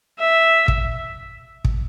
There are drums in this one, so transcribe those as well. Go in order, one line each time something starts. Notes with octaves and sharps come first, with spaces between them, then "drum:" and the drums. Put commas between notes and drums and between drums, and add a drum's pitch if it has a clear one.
E5
drum: kick
drum: kick